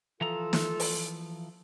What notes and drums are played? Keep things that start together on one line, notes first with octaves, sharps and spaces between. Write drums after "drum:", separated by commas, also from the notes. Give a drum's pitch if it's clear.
E3 F3 F4 A4 A#5
drum: snare
drum: open hi-hat